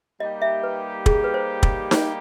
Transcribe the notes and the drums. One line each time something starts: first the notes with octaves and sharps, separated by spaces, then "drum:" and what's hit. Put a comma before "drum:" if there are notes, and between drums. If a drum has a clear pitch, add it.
G3 A#3 D#4 G4 D#5
E5
B4
G#4, drum: kick
B4
C5
drum: kick
drum: snare D#4